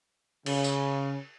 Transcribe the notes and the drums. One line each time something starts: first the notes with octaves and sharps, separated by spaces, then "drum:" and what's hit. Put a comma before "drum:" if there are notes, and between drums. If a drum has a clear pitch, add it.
C#3, drum: cymbal
drum: tambourine